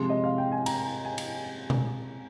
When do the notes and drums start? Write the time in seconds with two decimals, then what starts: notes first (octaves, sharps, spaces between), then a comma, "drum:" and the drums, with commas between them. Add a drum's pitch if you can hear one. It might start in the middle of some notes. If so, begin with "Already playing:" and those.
Already playing: C3 F3 G#3 C6
0.09 D#5
0.24 F5
0.38 G5
0.52 G#5
0.66 A#5, drum: cymbal
1.05 G#5
1.18 drum: cymbal
1.70 drum: tom B2